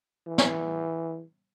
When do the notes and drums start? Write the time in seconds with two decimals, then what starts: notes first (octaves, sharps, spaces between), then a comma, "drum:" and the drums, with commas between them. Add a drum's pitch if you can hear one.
0.27 E3
0.38 drum: snare